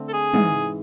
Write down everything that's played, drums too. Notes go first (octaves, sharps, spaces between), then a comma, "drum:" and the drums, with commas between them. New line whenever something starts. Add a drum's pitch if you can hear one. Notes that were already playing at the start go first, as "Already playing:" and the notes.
Already playing: D3 A3 C4
A4
G#4
G#2 E3 G#3, drum: tom